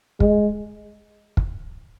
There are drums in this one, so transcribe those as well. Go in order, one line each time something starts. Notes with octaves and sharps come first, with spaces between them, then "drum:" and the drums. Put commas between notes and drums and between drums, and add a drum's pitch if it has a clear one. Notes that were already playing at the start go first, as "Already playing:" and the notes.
G#3, drum: kick
drum: kick